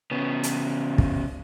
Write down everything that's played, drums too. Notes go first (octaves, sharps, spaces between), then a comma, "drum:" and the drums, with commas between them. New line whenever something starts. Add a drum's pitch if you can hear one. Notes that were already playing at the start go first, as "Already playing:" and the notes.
C#3 B3
drum: hi-hat
drum: kick